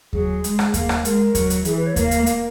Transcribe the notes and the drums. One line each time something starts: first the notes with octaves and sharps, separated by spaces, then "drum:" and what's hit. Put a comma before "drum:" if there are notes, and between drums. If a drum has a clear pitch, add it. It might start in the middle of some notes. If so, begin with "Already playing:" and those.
F#3 G#4, drum: kick D#2
G#3, drum: hi-hat
drum: rim click
A#3, drum: kick D#2, hi-hat
drum: rim click
G#3 A#4, drum: hi-hat
F#3, drum: kick D#2, hi-hat
drum: hi-hat
E3 G#4, drum: hi-hat
B4
C#5
A#3 A#4, drum: kick D#2, hi-hat
drum: hi-hat
drum: hi-hat